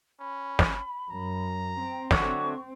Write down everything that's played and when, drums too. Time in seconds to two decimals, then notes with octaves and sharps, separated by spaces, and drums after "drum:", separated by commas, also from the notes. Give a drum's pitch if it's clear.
0.20 C#4 B5
0.59 drum: snare
1.11 F#2 A#5
1.80 C4 G5
2.11 D3 F#3 A3 C#6, drum: snare